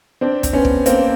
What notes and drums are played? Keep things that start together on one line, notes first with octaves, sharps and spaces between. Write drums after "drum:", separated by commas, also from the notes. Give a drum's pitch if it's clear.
C4 D4
drum: kick, hi-hat
B3 C#4
drum: kick
A#3 C4, drum: hi-hat